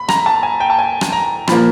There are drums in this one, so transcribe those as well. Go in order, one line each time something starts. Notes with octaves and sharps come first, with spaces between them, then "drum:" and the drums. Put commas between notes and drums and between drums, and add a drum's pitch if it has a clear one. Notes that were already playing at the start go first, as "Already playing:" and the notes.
Already playing: B5
A#5, drum: rim click
A5
G#5
G5
A5
G#5
drum: rim click
A#5
A#2 F3 A#3 B5, drum: rim click